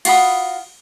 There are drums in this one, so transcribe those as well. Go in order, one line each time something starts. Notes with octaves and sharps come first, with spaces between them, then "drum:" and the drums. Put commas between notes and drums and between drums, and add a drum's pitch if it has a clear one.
F4 F#4 B5 D#6, drum: cymbal